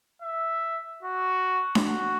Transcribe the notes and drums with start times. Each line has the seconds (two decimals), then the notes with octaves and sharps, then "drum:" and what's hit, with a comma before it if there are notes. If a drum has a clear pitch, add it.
0.22 E5
1.03 F#4
1.75 drum: snare D4
1.84 F#4